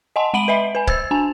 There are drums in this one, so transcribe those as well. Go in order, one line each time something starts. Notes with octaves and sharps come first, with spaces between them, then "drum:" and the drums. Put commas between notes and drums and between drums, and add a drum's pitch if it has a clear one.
D#5 F#5 G#5 A5 C6
G#3 F#5 B5 D7 D#7 F#7
B4 D#5 E5 B5
B4 G#5
C5 E6 A6, drum: kick
D4 G#5 A5